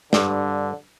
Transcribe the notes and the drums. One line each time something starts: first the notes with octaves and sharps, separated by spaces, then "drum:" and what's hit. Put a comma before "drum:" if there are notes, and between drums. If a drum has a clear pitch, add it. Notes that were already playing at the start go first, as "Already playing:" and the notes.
G2 D3, drum: snare